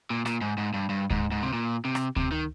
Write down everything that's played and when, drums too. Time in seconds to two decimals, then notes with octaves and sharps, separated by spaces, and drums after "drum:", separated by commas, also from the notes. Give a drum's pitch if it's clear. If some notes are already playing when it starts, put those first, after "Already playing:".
0.10 A#2
0.26 A#2, drum: rim click
0.41 G#2
0.58 G#2
0.74 G2
0.89 G2
1.10 G#2, drum: kick D2
1.32 G#2
1.43 C3
1.53 A#2
1.85 C3
1.95 drum: rim click
2.16 C3, drum: kick D2
2.32 D#3